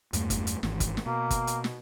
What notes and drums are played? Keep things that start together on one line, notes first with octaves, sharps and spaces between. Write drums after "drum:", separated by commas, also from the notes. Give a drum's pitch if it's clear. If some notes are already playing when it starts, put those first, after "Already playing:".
E2 G2 A3, drum: hi-hat
drum: kick G1, hi-hat
drum: hi-hat
G#1 E3, drum: snare
drum: kick G1, hi-hat
drum: snare
B2 A#3
drum: kick G1, hi-hat
drum: hi-hat
drum: snare